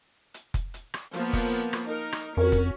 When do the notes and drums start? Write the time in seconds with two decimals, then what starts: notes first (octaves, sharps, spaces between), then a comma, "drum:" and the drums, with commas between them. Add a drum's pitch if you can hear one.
0.34 drum: hi-hat
0.54 drum: kick F1, hi-hat
0.74 drum: hi-hat
0.94 drum: rim click
1.13 F3 A#3 B3, drum: hi-hat
1.33 drum: kick F1, open hi-hat
1.53 drum: hi-hat
1.73 drum: rim click
1.87 D#4 A#4
2.12 drum: rim click
2.37 F2 C#4 F#4 A#4
2.52 drum: kick F1, hi-hat